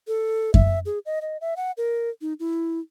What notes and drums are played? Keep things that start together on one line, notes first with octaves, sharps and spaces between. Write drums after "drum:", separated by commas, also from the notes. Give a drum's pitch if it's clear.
A4
E5, drum: kick F#2
G#4
D#5
D#5
E5
F#5
A#4
D#4
E4